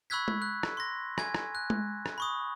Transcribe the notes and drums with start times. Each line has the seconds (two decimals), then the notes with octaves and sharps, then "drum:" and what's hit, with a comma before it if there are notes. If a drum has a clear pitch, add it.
0.10 B5 C#6 E6 F#6 G#6 B6
0.28 drum: tom G#3
0.42 F#6
0.63 drum: rim click
0.77 C6 A#6
1.18 G#5 G#6, drum: rim click
1.34 drum: rim click
1.55 F#6
1.70 drum: tom G#3
2.06 drum: rim click
2.18 B5 C#6 D#6